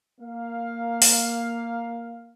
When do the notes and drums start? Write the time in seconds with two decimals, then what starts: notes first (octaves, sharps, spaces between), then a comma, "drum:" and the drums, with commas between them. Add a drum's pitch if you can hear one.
0.21 A#3 F5
1.02 drum: open hi-hat